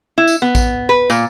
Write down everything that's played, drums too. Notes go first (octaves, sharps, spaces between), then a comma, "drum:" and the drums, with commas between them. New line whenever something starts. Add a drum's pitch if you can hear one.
E4
drum: tambourine
B3
drum: kick A1, tambourine
B4
A#2, drum: tambourine